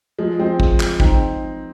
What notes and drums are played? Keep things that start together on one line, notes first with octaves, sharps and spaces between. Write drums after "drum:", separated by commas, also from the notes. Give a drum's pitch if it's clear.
F3 G#3
G#3 C4
drum: kick
drum: clap
C4 D#4, drum: kick